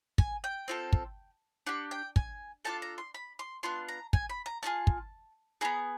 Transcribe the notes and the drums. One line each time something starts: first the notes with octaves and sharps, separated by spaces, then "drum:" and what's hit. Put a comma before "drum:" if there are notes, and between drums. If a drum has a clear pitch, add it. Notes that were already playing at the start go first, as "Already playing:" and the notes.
G#5, drum: kick
G5
C4 F4 A4
drum: kick
D4 G4 F#5
G5
G#5, drum: kick
D4 F4 A4 A5
A#5
C6
B5
C6
B3 D4 F4 C6
A#5
G#5, drum: kick
B5
A#5
A3 D4 F4 G#4 A5
drum: kick
B3 E4 G#4 A#5